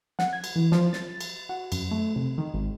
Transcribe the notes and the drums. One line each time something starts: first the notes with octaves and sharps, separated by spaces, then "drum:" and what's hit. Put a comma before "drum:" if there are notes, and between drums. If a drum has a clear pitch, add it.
F#5, drum: snare
G#6
drum: cymbal
E3
F3, drum: snare
A6, drum: snare
drum: cymbal
F#4
F#2, drum: cymbal
A3
C3
D#3
G#1